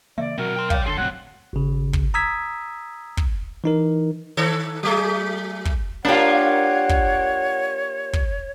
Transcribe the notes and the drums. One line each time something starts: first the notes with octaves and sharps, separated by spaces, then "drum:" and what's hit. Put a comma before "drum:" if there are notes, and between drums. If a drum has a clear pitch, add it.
C#3 E3 A#3 D5 E5
B2 F#3 C4 F#4 A#4
G5 C6
C#5 D5 F5 G5, drum: kick
E1 C#2 D3 G#4 A4 C6
C2 F2 A2 F#3 C4 F#5
G#1 C#3
drum: kick
A#5 D#6 E6 G#6 B6
drum: kick
E3 D#4 A#4
D#3 A4 C#5
F#3 A3 G#4
drum: kick
A#3 D4 F4 G4 C#5 F#5
drum: kick
drum: kick